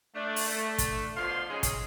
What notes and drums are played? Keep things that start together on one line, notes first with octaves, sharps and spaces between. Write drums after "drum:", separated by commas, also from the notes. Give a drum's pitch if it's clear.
A3 D4
drum: open hi-hat
A3 D4
drum: kick, hi-hat
B2 D3 F3 F5 C6
G#3 C#4 D#4 G#4
drum: kick, hi-hat